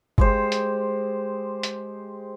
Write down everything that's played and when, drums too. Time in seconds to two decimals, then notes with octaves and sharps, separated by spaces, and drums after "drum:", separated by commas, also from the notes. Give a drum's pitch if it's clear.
0.18 G#3 G4 C5, drum: kick G1
0.52 drum: hi-hat
1.63 drum: hi-hat